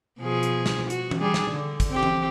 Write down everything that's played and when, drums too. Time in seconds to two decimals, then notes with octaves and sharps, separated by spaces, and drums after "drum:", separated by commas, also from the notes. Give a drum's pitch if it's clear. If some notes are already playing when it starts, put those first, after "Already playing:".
0.20 B2 F3 G#4
0.43 drum: hi-hat
0.66 drum: snare
0.90 F#4, drum: hi-hat
1.11 drum: tom E3
1.21 G3 D4 G#4
1.34 drum: snare
1.51 D3
1.80 drum: kick, hi-hat
1.90 C4 G4
2.03 drum: tom E3